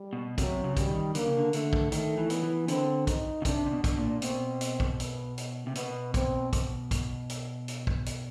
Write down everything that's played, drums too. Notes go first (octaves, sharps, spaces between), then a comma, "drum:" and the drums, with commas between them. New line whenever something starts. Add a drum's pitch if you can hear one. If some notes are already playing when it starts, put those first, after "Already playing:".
Already playing: G3
B2
C3 F#3, drum: kick, hi-hat
C#3
G3, drum: kick, hi-hat
D#3
D3 A#3, drum: hi-hat
C#3
D3
D3 A3, drum: hi-hat
drum: kick
D#3 A3, drum: hi-hat
E3
B3, drum: hi-hat
E3
D3 C4, drum: hi-hat
D#4, drum: kick, hi-hat
C#3
C3 D4, drum: kick, hi-hat
C3
B2
D4, drum: kick, hi-hat
A#2
B2 C4, drum: hi-hat
drum: hi-hat
drum: kick
B3, drum: hi-hat
drum: hi-hat
C3
B2 B3, drum: hi-hat
C4, drum: kick, hi-hat
drum: kick, hi-hat
drum: kick, hi-hat
drum: hi-hat
drum: hi-hat
drum: kick
drum: hi-hat